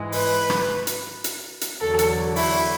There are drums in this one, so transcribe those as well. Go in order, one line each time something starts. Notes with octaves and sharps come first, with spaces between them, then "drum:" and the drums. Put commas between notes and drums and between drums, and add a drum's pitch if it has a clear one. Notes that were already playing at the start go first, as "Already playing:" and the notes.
Already playing: G#2 E3 G#3
B4, drum: open hi-hat
drum: rim click
drum: hi-hat
drum: hi-hat
drum: hi-hat
E2 D3 F#3 A4
drum: hi-hat
E4, drum: open hi-hat